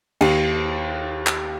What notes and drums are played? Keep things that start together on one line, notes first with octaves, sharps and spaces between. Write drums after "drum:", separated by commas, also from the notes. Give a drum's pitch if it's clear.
D#2, drum: cymbal
drum: clap